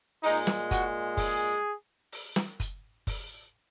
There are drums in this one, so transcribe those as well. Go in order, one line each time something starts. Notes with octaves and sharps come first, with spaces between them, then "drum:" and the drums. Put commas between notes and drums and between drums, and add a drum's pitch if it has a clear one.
A#2 G#3 D#4, drum: open hi-hat
drum: snare
F#4, drum: kick, hi-hat
G#4, drum: kick, open hi-hat
drum: open hi-hat
drum: snare
drum: kick, hi-hat
drum: kick, open hi-hat